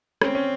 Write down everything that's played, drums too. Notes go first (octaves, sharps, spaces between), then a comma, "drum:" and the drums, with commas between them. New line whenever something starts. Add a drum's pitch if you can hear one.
C4 C#4, drum: rim click
C#4